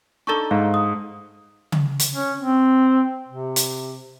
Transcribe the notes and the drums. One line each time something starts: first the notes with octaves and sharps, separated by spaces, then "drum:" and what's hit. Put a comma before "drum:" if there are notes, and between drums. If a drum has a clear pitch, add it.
D4 D#4 A4 C#6 G7
G#2 F5
D#6
drum: tom C#3
drum: hi-hat
C#4
C4
C3
drum: hi-hat